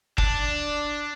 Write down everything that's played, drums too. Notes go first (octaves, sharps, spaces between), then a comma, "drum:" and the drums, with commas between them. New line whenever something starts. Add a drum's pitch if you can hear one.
D4, drum: kick